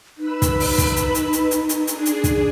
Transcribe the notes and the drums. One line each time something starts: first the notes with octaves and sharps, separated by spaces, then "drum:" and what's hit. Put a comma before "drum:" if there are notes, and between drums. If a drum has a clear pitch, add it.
D#4 B4 B5 E6
drum: kick, hi-hat
drum: open hi-hat
drum: kick, hi-hat
drum: hi-hat
drum: hi-hat
drum: hi-hat
drum: hi-hat
drum: hi-hat
D4 G#4, drum: hi-hat
drum: hi-hat
drum: kick, hi-hat